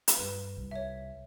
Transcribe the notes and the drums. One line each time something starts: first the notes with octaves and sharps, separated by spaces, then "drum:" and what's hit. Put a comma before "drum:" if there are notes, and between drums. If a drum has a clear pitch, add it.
drum: hi-hat
G2 B4
C2
C#5 E5